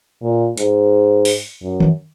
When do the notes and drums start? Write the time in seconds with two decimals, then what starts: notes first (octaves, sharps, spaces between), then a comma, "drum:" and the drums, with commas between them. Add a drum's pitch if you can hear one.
0.22 A#2
0.57 G#2, drum: hi-hat
1.25 drum: open hi-hat
1.62 F#2
1.80 drum: tom D#3